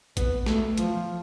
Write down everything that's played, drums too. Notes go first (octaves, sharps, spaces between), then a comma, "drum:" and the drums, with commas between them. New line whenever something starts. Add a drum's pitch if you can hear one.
B3, drum: kick A1, hi-hat
A3, drum: snare
F3, drum: hi-hat